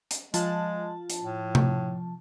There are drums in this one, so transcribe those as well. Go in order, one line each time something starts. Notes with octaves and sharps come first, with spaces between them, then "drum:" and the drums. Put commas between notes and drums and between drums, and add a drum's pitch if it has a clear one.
drum: hi-hat
F3 G#3 F4 A5, drum: hi-hat
drum: hi-hat
A2
drum: tom C3